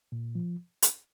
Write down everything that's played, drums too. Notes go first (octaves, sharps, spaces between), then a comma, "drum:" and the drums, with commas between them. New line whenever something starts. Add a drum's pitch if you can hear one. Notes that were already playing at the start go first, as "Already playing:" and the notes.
A#2
F3
drum: hi-hat